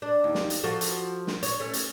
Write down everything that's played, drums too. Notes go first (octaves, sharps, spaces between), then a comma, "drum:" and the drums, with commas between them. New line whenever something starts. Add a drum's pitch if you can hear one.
D4
D#2
drum: snare
drum: hi-hat
F3 F#4 A4
drum: hi-hat
drum: snare
C#5, drum: hi-hat
A3 C#4
drum: hi-hat